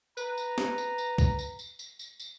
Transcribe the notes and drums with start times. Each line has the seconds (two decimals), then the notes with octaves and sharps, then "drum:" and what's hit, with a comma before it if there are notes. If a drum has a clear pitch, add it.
0.17 B4 A#5, drum: tambourine
0.37 drum: tambourine
0.58 drum: snare
0.78 drum: tambourine
0.98 drum: tambourine
1.18 drum: kick, tambourine
1.39 drum: tambourine
1.59 drum: tambourine
1.79 drum: tambourine
1.99 drum: tambourine
2.20 drum: tambourine